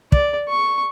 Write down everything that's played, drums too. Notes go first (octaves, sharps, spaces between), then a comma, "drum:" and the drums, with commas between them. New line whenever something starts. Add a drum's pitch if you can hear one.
D5, drum: kick
C#6